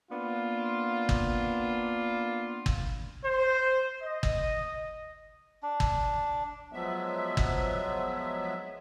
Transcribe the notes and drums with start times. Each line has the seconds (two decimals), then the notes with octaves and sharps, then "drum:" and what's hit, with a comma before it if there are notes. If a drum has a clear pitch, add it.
0.11 A#3 B3 D4 F4
1.09 drum: kick G1
2.66 drum: kick G1
3.24 C5
4.02 D#5
4.23 drum: kick G1
5.63 D4
5.80 drum: kick G1
6.73 F3 F#3 G#3 B3 E5
7.37 drum: kick G1